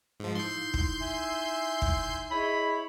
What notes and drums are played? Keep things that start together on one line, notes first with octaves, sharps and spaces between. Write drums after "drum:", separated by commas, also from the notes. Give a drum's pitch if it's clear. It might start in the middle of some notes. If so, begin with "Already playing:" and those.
G#2 F3
D#4 E4 C6 G6
drum: kick
E5 G#5 E6
drum: kick
E4 G#4 C#5 D#5 B5